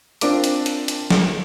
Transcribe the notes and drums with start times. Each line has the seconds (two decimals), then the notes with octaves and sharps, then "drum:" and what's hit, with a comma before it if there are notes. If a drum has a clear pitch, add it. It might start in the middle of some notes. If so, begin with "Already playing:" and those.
0.21 C4 D4 F4 A#4 D6 D7, drum: hi-hat
0.44 drum: hi-hat
0.66 drum: hi-hat
0.88 drum: hi-hat
1.10 drum: snare